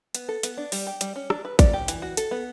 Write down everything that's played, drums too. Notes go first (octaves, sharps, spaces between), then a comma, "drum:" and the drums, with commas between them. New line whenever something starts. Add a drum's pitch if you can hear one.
B3, drum: hi-hat
A4
B3, drum: hi-hat
D4
G3, drum: open hi-hat
G4
G3, drum: hi-hat
C#4
D4, drum: rim click
B4
D5, drum: kick A1, hi-hat
G4
E3, drum: hi-hat
F#4
A4, drum: hi-hat
B3